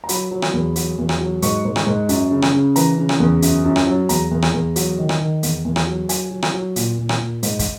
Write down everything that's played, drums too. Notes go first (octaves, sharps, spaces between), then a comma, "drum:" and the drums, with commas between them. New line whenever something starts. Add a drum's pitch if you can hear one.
A#5
F#3 B5, drum: hi-hat
F#3
drum: rim click
E2
F#3, drum: hi-hat
E2
drum: rim click
F#3
G#2 C#6, drum: hi-hat
G#2
drum: rim click
G#2
F#2, drum: hi-hat
C#3
drum: rim click
C#3
E3 A#5, drum: hi-hat
C#3
drum: rim click
E2
F#2, drum: hi-hat
F#2
drum: rim click
F#3
E2 A#5, drum: hi-hat
E2
drum: rim click
E2
F#3, drum: hi-hat
D#3
drum: rim click
D#3
E2, drum: hi-hat
E2
drum: rim click
F#3
F#3 G#5, drum: hi-hat
F#3
drum: rim click
F#3
A#2, drum: hi-hat
A#2
drum: rim click
A#2
G#2, drum: hi-hat
drum: kick, hi-hat